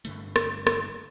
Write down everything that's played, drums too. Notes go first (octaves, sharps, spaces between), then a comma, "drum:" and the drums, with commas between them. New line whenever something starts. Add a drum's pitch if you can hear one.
G2 D3 A3, drum: hi-hat
drum: rim click
drum: rim click